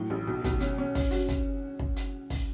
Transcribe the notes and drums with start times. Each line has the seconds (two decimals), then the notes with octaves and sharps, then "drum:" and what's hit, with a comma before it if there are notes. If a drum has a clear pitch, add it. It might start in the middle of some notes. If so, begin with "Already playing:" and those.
Already playing: A2 F#3
0.10 A1
0.27 B1
0.44 B1, drum: kick, hi-hat
0.60 C#4, drum: hi-hat
0.78 C#4
0.95 C#4, drum: kick, open hi-hat
1.11 F#4, drum: open hi-hat
1.29 drum: kick, hi-hat
1.79 drum: kick
1.96 drum: hi-hat
2.30 drum: kick, open hi-hat